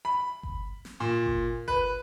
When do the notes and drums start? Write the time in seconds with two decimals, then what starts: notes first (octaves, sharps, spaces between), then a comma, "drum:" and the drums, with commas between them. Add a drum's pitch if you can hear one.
0.05 B5
0.43 drum: kick G1
0.85 drum: snare
1.00 A#2
1.26 drum: kick G1
1.68 B4, drum: kick G1